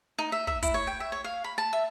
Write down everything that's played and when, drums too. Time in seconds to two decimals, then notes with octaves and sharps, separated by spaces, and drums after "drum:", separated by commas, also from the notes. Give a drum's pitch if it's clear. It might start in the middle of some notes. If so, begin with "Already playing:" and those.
0.18 D#4
0.32 E5
0.47 E5, drum: kick
0.63 E4, drum: kick, hi-hat
0.74 C#5
0.87 G5
1.00 E5
1.12 C#5
1.24 F5
1.44 B5
1.58 A5
1.73 E5